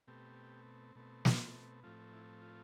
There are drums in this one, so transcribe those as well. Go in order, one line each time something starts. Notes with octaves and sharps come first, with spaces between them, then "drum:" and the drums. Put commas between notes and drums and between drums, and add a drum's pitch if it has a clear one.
B2 A3 C4 G4
B2 A3 C4
drum: snare
A2 F3 A3 C4 F4
E4
F4